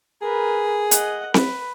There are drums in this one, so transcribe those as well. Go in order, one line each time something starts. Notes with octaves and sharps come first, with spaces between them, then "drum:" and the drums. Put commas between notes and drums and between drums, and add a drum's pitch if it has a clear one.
G#4 A#4 B4
D#5 F#5, drum: hi-hat
B4, drum: snare C4